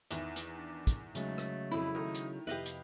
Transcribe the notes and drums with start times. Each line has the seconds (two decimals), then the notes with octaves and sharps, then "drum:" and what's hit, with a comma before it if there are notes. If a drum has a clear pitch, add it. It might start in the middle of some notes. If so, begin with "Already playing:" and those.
0.11 E2 D#3 E3, drum: hi-hat
0.36 drum: hi-hat
0.58 D4
0.87 drum: kick, hi-hat
1.15 C#3 F#3 G#3 A3, drum: hi-hat
1.38 drum: rim click
1.71 F2 E4 B5
1.95 D#3 A3 D#4
2.15 drum: hi-hat
2.47 F2 C3 E4 G4 B4 D#5 F5
2.66 drum: hi-hat